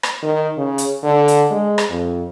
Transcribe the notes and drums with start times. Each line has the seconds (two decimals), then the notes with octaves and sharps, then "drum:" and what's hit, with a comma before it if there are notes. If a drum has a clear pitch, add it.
0.03 drum: rim click
0.23 D#3
0.57 C#3
0.78 drum: hi-hat
1.03 D3
1.28 drum: hi-hat
1.51 G#3
1.78 drum: rim click
1.90 F2